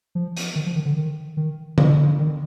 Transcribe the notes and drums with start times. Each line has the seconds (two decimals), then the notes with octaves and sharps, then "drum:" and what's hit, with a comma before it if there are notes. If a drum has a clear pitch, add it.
0.15 F3
0.37 drum: hi-hat
0.56 D#3
0.66 F3
0.75 D#3
0.86 D3
0.97 D#3
1.37 D#3
1.78 F3, drum: tom D3
2.19 D#3